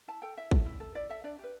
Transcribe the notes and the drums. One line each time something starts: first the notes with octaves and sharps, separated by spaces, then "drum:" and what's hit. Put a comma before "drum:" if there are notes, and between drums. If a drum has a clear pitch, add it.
E4 A5
A4 G5
E4 E5
A4, drum: kick
E4
A4
E4 D5
A4 E5
D4 D5
G4 B4